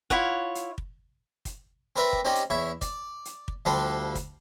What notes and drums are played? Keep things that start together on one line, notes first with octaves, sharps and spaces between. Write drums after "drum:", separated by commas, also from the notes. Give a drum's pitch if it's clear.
E4 F4 C#5 F#5, drum: kick
drum: hi-hat
drum: kick
drum: kick, hi-hat
C4 A#4 B4 D5 E5
drum: kick
C4 C#4 D#4 G4 D5
drum: hi-hat
E2 E4 C#5
D5, drum: kick, hi-hat
drum: hi-hat
drum: kick
D2 F3 G3 D4 A4 C6
drum: kick, hi-hat